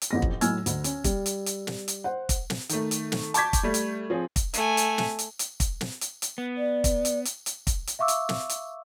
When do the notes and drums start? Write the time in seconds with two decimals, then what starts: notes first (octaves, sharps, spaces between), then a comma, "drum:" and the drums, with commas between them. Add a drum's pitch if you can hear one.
0.02 drum: hi-hat
0.11 A1 F2 A#6
0.22 drum: kick
0.41 A2 F#3 G#5 E6 F6 G#6, drum: hi-hat
0.66 D2, drum: hi-hat
0.84 C#4, drum: hi-hat
1.04 G3, drum: kick, hi-hat
1.26 drum: hi-hat
1.46 drum: hi-hat
1.67 drum: snare
1.88 drum: hi-hat
2.04 C5 F#5
2.29 drum: kick, hi-hat
2.50 drum: snare
2.69 D#3 A3, drum: hi-hat
2.91 drum: hi-hat
3.12 drum: snare
3.34 A5 C#6 D6 G6 G#6 B6, drum: hi-hat
3.53 drum: kick, hi-hat
3.63 G3 A3
3.74 drum: hi-hat
4.10 F3 C4 G#4
4.36 drum: kick, hi-hat
4.54 A3 G#5, drum: hi-hat
4.77 drum: hi-hat
4.98 drum: snare
5.19 drum: hi-hat
5.39 drum: hi-hat
5.60 drum: kick, hi-hat
5.81 drum: snare
6.01 drum: hi-hat
6.22 drum: hi-hat
6.38 B3
6.57 D5
6.84 drum: kick, hi-hat
7.05 drum: hi-hat
7.25 drum: hi-hat
7.46 drum: hi-hat
7.67 drum: kick, hi-hat
7.87 drum: hi-hat
7.99 E5 F5 C#6 D6 E6
8.08 drum: hi-hat
8.29 drum: snare
8.49 drum: hi-hat